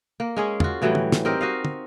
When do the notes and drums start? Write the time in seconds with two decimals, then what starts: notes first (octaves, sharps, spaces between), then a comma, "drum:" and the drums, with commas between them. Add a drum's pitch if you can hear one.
0.20 A#3
0.37 G#3 C#4 G#4
0.60 F4 F#4, drum: tom
0.82 A2 E3 F#3 G3
0.95 drum: tom
1.12 drum: snare
1.25 C4 D#4 G4 A#4
1.41 F#4 D#5 F5
1.65 drum: tom